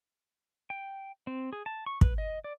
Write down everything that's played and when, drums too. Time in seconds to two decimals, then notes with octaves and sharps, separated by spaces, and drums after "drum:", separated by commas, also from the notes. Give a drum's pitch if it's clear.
0.70 G5
1.27 C4
1.53 G#4
1.66 A5
1.86 C#6
2.01 B4, drum: kick
2.18 D#5
2.44 D5